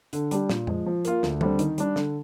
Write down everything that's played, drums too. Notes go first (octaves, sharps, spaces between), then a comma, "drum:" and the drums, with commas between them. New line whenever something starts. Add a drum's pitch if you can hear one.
D3, drum: hi-hat
G3 D4 G4, drum: hi-hat
A#2, drum: snare
F3 G#3, drum: tom F2
F3
A#3 F4, drum: hi-hat
D2, drum: snare
D3 G3 C4, drum: tom
D#3, drum: hi-hat
G3 D4, drum: hi-hat
D3, drum: snare